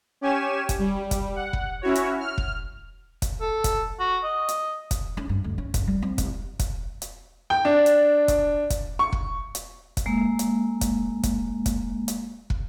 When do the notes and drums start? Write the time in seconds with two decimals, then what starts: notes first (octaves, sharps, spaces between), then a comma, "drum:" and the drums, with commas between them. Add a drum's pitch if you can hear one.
0.21 C#4 G4 C#5 G#5 E7
0.69 drum: kick, hi-hat
0.79 G3
1.11 drum: kick, hi-hat
1.36 F#5
1.53 drum: kick
1.81 C#4 E4 F#4 C#5
1.95 drum: hi-hat
2.20 F6
2.38 drum: kick
3.22 drum: kick, hi-hat
3.41 A4
3.64 drum: kick, hi-hat
4.00 F#4
4.24 D#5
4.49 drum: hi-hat
4.91 drum: kick, hi-hat
5.17 C#4
5.29 G2
5.44 D2
5.58 C#4
5.74 F#2, drum: kick, hi-hat
5.87 G3
6.02 C4
6.18 C2, drum: kick, hi-hat
6.59 drum: kick, hi-hat
7.02 drum: hi-hat
7.50 G5
7.65 D4
7.86 drum: hi-hat
8.28 drum: kick, hi-hat
8.70 drum: kick, hi-hat
8.99 C#6
9.13 drum: kick
9.55 drum: hi-hat
9.97 drum: kick, hi-hat
10.06 G#3 A#3
10.39 drum: hi-hat
10.81 drum: kick, hi-hat
11.23 drum: kick, hi-hat
11.66 drum: kick, hi-hat
12.08 drum: hi-hat
12.50 drum: kick